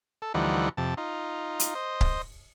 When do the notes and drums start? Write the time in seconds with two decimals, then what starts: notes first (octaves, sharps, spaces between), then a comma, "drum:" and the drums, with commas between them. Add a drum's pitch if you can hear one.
0.22 A4
0.34 D2 E3 F3 G3 D#4 F#5
0.77 F2 C3 A5
0.97 D#4 F4
1.60 drum: hi-hat
1.75 C5 D#5
2.01 drum: kick C#1